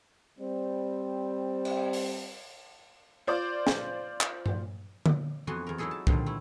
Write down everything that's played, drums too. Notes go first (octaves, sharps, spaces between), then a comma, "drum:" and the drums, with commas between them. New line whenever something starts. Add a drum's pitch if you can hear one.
G3 C4
drum: cymbal
drum: open hi-hat
F4 C5 D5 D6
drum: snare
drum: clap
drum: tom G2
drum: tom D3
F2 E3 B3 F#4 G#5 C6
E2 A#4
F#3 G#3 D#4 E4 G#4 A4
A5
A#2 D3 D#3 F3 G3, drum: kick C2
A3 E4